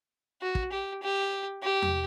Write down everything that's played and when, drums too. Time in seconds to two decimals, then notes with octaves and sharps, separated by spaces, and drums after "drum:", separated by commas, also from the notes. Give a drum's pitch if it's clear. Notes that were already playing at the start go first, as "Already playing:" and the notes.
0.42 F#4
0.55 drum: kick
0.72 G4
1.02 G4
1.63 G4
1.82 drum: tom E2